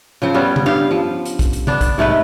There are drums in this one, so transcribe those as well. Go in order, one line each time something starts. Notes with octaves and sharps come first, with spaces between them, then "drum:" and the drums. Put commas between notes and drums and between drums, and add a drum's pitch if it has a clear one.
C#3 F3 C4
G3 B3 C#4
drum: tom C#3
G2 G4 F5
F3
drum: hi-hat
drum: kick, hi-hat
drum: hi-hat
B3 D4, drum: tom C#3
drum: kick, hi-hat
G#2 C3 A3 B4